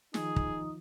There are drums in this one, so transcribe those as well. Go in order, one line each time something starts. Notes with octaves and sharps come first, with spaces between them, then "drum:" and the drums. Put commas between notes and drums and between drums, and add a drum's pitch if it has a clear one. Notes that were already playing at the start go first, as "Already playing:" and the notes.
D#3 F3 D#4 F4 G#4 D#6, drum: snare
drum: kick